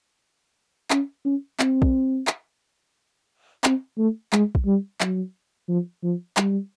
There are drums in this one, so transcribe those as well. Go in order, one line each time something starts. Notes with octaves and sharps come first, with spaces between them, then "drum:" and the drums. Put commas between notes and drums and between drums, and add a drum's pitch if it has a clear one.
C#4, drum: clap
C#4
C4, drum: clap
drum: kick
drum: clap
C4, drum: clap
A3
G#3, drum: clap
drum: kick
G3
F#3, drum: clap
F3
F3
G3, drum: clap